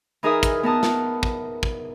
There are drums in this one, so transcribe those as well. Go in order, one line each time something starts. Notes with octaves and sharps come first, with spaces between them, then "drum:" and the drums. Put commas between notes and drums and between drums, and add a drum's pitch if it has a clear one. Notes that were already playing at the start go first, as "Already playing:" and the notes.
E3 D#4 G#4 A#4 E5 D#6
drum: kick, hi-hat
B3 A#4 A5 D#6
drum: snare
drum: kick
drum: kick